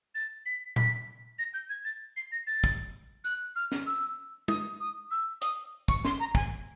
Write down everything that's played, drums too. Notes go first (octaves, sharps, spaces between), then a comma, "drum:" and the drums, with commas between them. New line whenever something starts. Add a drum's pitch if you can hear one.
A6
B6
B6, drum: tom A#2
A#6
G6
G#6
A6
C7
A#6
A6
drum: kick
F#6, drum: tambourine
F6
drum: snare
E6
D#6, drum: tom
D#6
E6
D#6, drum: hi-hat
C#6, drum: kick
C6, drum: snare
A#5
G#5, drum: kick